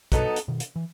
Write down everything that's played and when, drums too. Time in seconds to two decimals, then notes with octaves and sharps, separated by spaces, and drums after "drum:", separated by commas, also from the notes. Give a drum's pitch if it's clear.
0.12 G2 B2 F#3 B3 D#4 A4, drum: kick, hi-hat
0.36 drum: hi-hat
0.48 B2 D#3
0.60 drum: hi-hat
0.76 E3